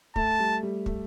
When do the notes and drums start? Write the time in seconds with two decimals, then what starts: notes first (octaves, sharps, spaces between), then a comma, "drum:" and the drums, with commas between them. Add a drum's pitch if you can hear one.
0.16 A3 A5, drum: kick
0.39 G3
0.63 G3
0.86 A3, drum: kick